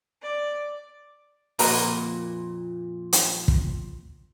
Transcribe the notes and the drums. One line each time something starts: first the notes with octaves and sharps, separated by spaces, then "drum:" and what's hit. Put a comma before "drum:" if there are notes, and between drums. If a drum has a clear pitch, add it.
D5
F2 A#2 F#4 B4 A#5, drum: open hi-hat
drum: hi-hat
drum: kick